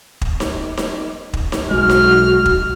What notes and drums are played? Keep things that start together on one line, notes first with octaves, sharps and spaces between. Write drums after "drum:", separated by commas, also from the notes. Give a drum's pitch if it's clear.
drum: kick
drum: snare D#4
drum: snare D#4
drum: kick
drum: snare D#4
B1 G#3 F#4 F6
drum: snare D#4
drum: kick